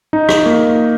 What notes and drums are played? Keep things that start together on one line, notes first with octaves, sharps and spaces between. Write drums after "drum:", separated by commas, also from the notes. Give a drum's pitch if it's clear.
D#4
drum: rim click
A#3